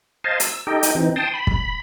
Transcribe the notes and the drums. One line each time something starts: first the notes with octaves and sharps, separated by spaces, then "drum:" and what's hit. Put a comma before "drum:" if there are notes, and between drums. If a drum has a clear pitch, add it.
C5 D#5 F5 G#5 A5
E6, drum: hi-hat
D#4 G4 A4 D#5 G5
drum: hi-hat
E3 C4 D#4
G5 A5 C6 D#6
B5
drum: kick